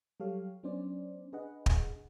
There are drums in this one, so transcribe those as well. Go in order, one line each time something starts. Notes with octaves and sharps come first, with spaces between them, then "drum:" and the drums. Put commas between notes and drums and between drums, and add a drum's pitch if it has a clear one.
F#3 G3 G4 A4 C#5 F5
F#3 B3 C#4 D4 C5 D5
D4 G#4 B4 D#5 F#5
drum: kick